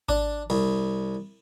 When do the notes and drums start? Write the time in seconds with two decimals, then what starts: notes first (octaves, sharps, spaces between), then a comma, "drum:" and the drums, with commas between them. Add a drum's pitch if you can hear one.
0.09 D4, drum: kick G#1
0.50 C2, drum: cymbal